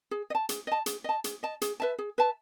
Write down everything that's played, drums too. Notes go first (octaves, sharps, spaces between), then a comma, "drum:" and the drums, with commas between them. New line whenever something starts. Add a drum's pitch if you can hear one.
G#4
D#5
A5
G#4, drum: hi-hat
D#5 A5
G#4, drum: hi-hat
D#5 A5
G#4, drum: hi-hat
D#5 A5
G#4, drum: hi-hat
B4 E5 A5
G#4
B4 E5 A5